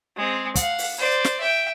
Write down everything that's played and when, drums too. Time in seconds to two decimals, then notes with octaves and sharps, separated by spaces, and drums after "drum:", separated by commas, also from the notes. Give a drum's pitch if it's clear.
0.16 G#3 C4
0.55 F5 F#5, drum: kick, hi-hat
0.78 drum: open hi-hat
0.98 C5 D5
1.24 drum: snare
1.40 E5 G5